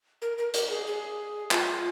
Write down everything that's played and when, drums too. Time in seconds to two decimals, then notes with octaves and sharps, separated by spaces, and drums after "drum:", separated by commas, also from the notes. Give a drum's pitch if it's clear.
0.22 A#4
0.38 A#4
0.54 A#4, drum: hi-hat
0.70 G#4
0.87 G#4
1.51 F4, drum: clap